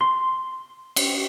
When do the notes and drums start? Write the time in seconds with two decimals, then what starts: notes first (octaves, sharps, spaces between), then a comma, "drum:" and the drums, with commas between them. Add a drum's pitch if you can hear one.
0.01 C6
0.96 drum: cymbal